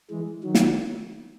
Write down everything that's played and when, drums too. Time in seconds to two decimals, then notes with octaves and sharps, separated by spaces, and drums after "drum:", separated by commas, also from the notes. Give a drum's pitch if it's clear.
0.10 E3 G#3
0.44 D#3 F#3
0.55 drum: snare